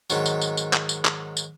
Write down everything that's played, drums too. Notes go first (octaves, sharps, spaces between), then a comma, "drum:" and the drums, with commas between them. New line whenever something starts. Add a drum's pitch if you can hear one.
G#2 D#3 F#3, drum: tambourine
drum: tambourine
drum: tambourine
drum: tambourine
drum: clap
drum: tambourine
drum: clap
drum: tambourine